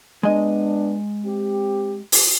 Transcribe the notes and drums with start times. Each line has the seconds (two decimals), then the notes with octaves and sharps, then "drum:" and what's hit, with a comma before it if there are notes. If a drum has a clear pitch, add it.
0.23 G#3 B3 D4 D#5
1.25 C4 G4
2.12 drum: open hi-hat